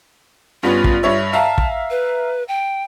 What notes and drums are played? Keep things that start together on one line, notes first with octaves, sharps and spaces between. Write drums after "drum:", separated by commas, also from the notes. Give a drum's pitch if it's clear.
G2 B3 C#4 F4
drum: kick
G2 C#5 E5
E5 F5 A5 A#5
drum: kick
B4
G5